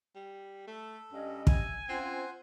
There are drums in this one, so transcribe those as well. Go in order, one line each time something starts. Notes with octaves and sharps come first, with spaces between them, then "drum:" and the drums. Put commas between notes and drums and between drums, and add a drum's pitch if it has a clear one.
G3
A3 A4
G2 G3 C#4 D#5
E5 G#5, drum: kick
F3 C4 C#4 F4 C5 F#5